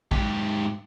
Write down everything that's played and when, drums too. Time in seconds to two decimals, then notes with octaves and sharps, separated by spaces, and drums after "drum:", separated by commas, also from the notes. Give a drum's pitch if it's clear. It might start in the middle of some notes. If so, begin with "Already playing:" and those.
0.11 G#2 G4, drum: kick